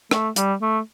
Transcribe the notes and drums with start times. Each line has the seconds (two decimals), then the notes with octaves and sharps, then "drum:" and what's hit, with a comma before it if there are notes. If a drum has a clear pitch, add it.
0.11 A3, drum: rim click
0.36 G3, drum: hi-hat
0.61 A3